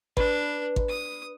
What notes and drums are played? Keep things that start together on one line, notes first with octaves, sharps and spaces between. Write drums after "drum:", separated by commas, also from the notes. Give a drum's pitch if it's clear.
D4 B4, drum: kick G#1
drum: kick G#1
D#6